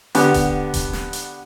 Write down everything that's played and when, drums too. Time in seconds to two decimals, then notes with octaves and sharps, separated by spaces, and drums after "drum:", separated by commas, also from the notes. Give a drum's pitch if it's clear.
0.15 D3 B3 G4, drum: hi-hat
0.34 drum: kick D#1, hi-hat
0.74 drum: kick D#1, hi-hat
0.93 drum: snare
1.13 drum: hi-hat